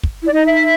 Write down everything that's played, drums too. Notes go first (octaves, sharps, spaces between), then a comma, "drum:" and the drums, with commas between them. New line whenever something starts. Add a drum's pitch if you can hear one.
drum: kick
E4 D5
D#4 D#5
E5